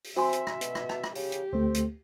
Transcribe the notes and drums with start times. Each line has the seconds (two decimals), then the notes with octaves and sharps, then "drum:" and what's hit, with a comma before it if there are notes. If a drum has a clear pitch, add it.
0.04 drum: open hi-hat
0.16 C4 F#4 E5 G#5 C6
0.33 drum: hi-hat
0.47 drum: rim click
0.61 B2, drum: hi-hat
0.75 drum: rim click
0.89 drum: rim click
1.04 drum: rim click
1.15 C#3 G4, drum: open hi-hat
1.32 drum: hi-hat
1.53 D2 A3 C4
1.74 drum: hi-hat